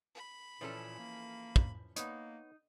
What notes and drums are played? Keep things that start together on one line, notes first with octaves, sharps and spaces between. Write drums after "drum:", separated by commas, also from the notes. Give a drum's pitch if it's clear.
B5
A#2 E3 F3 C#4 A4
A#3
drum: kick
A#3 B3 D#4 B4 C#5, drum: hi-hat